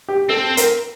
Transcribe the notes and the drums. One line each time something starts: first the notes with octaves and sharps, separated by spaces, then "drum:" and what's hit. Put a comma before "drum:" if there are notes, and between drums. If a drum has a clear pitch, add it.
G4
C4 A4
A#4, drum: hi-hat